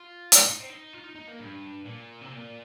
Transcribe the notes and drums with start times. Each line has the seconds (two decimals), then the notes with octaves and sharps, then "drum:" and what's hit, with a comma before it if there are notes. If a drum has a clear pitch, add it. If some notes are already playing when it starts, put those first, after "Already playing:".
Already playing: F4
0.32 drum: hi-hat
0.46 D#4
0.60 C4
0.69 D#4
0.93 F4
1.04 D#4
1.16 D#4
1.28 A#3
1.39 G2
1.86 A#2
2.21 C3
2.32 A#2